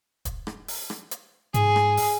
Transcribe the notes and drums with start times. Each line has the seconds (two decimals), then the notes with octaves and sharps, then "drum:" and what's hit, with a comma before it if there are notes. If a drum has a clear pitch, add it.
0.25 drum: kick, hi-hat
0.47 drum: rim click
0.68 drum: open hi-hat
0.90 drum: rim click
1.11 drum: hi-hat
1.54 G#2 G#4, drum: hi-hat
1.76 drum: rim click
1.97 drum: open hi-hat